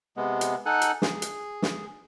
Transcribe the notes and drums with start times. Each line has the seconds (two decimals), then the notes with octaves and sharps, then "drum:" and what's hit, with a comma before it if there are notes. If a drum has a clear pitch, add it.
0.17 C3 G#3 B3
0.41 drum: hi-hat
0.66 D#4 A4 F#5 G#5 F#6
0.81 drum: hi-hat
1.02 G#4, drum: snare
1.22 drum: hi-hat
1.62 drum: snare